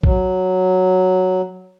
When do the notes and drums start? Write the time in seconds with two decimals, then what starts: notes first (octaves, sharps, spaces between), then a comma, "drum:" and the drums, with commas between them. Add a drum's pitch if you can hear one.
0.03 F#3, drum: kick